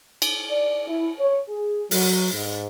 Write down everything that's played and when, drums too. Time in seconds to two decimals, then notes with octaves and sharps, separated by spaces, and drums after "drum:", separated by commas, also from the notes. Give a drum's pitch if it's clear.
0.22 drum: cymbal
0.50 D5
0.87 E4
1.19 C#5
1.49 G#4
1.91 F#3, drum: open hi-hat
2.33 G#2